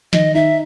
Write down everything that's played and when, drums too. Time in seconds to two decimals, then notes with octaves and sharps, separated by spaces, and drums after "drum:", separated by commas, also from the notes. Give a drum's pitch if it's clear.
0.13 D#3 D#5, drum: snare
0.34 D#4 E5